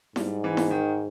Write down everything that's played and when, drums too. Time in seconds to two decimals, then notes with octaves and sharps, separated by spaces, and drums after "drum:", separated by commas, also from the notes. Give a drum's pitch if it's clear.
0.16 G#2 G3, drum: snare E4
0.44 E3
0.57 drum: snare E4
0.71 D#3